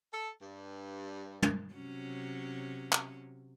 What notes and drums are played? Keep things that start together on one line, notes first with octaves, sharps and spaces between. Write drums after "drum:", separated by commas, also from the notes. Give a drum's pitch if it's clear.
A4
G2
drum: tom
C3 F#3 C#4
drum: clap